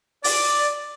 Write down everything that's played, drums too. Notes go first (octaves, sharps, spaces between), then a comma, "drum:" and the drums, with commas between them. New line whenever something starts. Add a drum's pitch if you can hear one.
D5, drum: open hi-hat